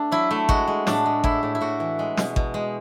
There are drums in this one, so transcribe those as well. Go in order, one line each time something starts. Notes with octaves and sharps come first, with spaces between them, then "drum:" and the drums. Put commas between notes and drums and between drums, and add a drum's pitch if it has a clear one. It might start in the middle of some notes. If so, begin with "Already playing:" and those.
Already playing: A3 D4
F#3 E4
A3
G#3 F#4, drum: kick G#1
G#3
A2 D4, drum: snare
G#3
A2 E4, drum: kick G#1
A2
E4
A2 F#4
E3
G#3
B2, drum: snare
B2, drum: kick G#1
G#3